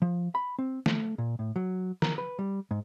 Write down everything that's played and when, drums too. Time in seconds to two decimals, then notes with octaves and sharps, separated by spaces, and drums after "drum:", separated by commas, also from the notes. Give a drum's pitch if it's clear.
0.02 F3
0.35 B5
0.59 C4
0.86 A3, drum: snare
1.18 A#2
1.39 A2
1.56 F#3
2.02 A#4, drum: snare
2.18 B4
2.39 G3
2.71 G#2